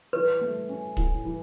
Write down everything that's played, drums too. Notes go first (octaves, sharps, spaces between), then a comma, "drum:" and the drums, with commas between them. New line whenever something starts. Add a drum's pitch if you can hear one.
E3 B4
A3
C#4
A2, drum: kick
E3